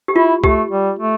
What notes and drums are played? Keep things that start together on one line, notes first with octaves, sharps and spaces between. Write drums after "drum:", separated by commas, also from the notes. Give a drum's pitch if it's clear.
G4
E4 F4
A3 G4, drum: kick
G3
A3